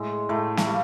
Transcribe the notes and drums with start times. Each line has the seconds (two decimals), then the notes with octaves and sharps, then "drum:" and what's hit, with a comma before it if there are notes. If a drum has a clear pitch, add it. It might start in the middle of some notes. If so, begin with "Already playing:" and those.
Already playing: A2 G#3
0.29 A2 A3
0.57 A3, drum: snare
0.66 G3 A#3